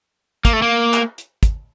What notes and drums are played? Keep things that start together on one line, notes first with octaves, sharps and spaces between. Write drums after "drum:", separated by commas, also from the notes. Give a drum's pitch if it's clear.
A#3, drum: kick, hi-hat
A3
A#3
drum: clap
drum: hi-hat
drum: kick, hi-hat